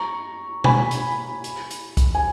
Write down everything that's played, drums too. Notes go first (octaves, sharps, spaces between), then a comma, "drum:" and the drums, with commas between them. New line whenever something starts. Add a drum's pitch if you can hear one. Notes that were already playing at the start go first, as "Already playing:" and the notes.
Already playing: A#5 C#6
G#5 B5, drum: tom B2
drum: hi-hat
drum: hi-hat
drum: hi-hat
drum: kick, hi-hat
G#5